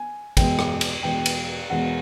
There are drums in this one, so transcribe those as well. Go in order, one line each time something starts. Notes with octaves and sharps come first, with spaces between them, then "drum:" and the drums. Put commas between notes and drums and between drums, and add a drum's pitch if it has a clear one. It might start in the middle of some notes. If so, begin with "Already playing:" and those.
Already playing: G#5
E2 B2 G#3 G5, drum: kick, cymbal
drum: rim click
drum: cymbal
E2 B2 G#3 G5
drum: cymbal
E2 B2 G#3 F#5